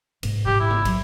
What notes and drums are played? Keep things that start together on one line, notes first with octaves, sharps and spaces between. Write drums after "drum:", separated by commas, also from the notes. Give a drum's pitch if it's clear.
G#2 A#3, drum: cymbal
G#1 A#2 G4
E4
drum: tom C#3
F#3, drum: kick, cymbal